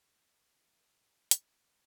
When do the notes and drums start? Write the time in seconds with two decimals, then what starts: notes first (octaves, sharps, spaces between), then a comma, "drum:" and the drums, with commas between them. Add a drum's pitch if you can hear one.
0.19 E3 D#4 A4
1.31 drum: hi-hat